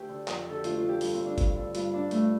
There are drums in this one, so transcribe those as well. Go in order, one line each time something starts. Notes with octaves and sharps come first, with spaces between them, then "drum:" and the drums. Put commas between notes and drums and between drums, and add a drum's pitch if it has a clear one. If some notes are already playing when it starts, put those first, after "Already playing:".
Already playing: D2 G4
D3
F2, drum: clap
D3 A4
G4
D2 F4, drum: hi-hat
F4
D3
G4
G2 F4, drum: open hi-hat
C4
D3
D4
G2, drum: kick G1, hi-hat
D3
G2 F4, drum: hi-hat
D3 D4
G2 A3, drum: hi-hat